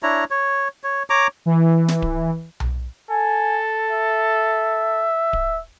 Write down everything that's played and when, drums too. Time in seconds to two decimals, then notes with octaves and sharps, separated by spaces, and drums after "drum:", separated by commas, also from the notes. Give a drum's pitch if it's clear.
0.03 D4 E4 C#5 A#5
0.31 C#5
0.84 C#5
1.10 C#5 A#5 D6
1.46 E3
1.88 drum: snare
2.02 drum: kick D1
2.60 drum: tom B1
3.10 A4 G#5
3.90 E5
5.33 drum: kick D1